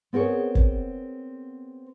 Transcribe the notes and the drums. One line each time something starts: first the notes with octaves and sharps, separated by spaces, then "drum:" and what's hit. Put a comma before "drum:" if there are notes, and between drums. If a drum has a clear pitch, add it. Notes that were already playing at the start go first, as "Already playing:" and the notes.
B3 C4 G#4 A#4 C#5
drum: kick